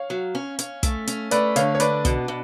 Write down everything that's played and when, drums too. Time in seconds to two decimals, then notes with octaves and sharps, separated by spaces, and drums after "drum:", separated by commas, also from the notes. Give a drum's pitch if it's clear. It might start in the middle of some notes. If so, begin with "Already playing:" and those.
Already playing: C#5 F5
0.10 F#3
0.35 C#4
0.59 C#4, drum: hi-hat
0.83 A3, drum: kick, hi-hat
1.07 C#4, drum: hi-hat
1.31 A3 B4 D5, drum: hi-hat
1.56 D3 C#5 F5, drum: hi-hat
1.75 C#5
1.80 D4 B4 D5, drum: hi-hat
2.05 B2, drum: kick, hi-hat
2.28 B2